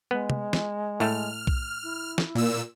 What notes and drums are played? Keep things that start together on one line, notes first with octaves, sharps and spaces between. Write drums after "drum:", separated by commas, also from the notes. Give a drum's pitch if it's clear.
G#3 B3
drum: tom
drum: snare
A2 A3 F6
drum: kick B1
E4
drum: snare
A#2 E6